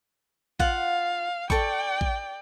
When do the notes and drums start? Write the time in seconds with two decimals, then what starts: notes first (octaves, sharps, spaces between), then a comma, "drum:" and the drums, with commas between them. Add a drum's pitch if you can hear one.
0.60 F4 F5 F#5, drum: kick
1.50 A4 D5 G5 C#6, drum: kick
2.01 drum: kick